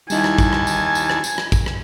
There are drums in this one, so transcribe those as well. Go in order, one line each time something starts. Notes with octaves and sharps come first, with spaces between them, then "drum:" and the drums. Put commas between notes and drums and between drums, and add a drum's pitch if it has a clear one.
D#2 G3 D#4 E4 G#5 A5, drum: tambourine
drum: rim click
drum: kick, tambourine
drum: rim click
drum: tambourine
drum: tambourine
drum: rim click
drum: tambourine
drum: rim click
drum: kick, tambourine
drum: rim click